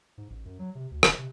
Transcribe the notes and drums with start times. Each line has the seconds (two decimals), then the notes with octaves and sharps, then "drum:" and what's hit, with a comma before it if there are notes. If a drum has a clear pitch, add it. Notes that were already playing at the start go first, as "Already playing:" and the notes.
0.18 G#2
0.30 A1
0.45 F#2
0.59 F#3
0.75 C3
0.91 D2
1.03 D#1, drum: rim click
1.18 C3